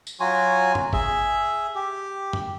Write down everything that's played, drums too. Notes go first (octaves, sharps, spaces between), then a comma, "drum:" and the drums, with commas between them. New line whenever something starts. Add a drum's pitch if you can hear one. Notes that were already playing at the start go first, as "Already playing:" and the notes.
drum: tambourine
F#3 F4 F#4 G#5
drum: tom F#2
G#4 E5, drum: kick G1
G4
drum: tom F#2